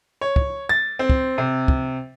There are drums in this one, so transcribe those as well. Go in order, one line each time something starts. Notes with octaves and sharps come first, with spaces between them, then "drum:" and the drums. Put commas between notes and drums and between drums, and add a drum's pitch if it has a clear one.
C#5
drum: kick
A6
C4
drum: kick
C3
drum: kick